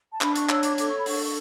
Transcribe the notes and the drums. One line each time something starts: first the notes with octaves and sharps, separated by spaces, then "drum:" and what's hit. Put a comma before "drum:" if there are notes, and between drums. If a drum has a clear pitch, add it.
A5
D4 B5, drum: clap
C#6, drum: hi-hat
C#5 E6, drum: clap
D6, drum: hi-hat
A4 D6, drum: hi-hat
C#6
B5
D4 C#6, drum: open hi-hat
C#6